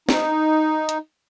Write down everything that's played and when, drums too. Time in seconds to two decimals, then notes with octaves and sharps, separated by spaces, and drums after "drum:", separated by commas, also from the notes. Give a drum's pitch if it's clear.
0.09 D#4, drum: snare
0.89 drum: hi-hat